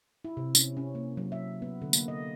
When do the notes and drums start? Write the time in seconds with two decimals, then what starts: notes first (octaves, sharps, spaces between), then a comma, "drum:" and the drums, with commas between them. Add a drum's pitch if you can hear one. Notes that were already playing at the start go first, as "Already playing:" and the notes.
0.25 E4
0.37 C3
0.55 C#4, drum: tambourine
0.77 C#4
0.95 A#3
1.17 F#3
1.32 E5
1.62 B3
1.82 D3
1.93 A#3, drum: tambourine
2.08 D#5